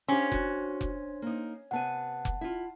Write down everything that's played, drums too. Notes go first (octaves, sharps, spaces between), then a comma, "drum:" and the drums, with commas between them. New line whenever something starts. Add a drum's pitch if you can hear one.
C#4 D4 G4 C5 F5 G5 C6
F#4, drum: kick F1
drum: kick F1
A#3 D#4
C3 B3 F#5 G#5 A5
drum: kick F1
E4 F4